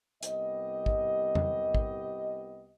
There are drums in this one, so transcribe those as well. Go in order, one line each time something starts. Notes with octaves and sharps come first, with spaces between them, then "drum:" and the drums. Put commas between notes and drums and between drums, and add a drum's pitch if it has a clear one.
C2 B3 G4 D#5, drum: hi-hat
drum: kick
drum: tom E2
drum: kick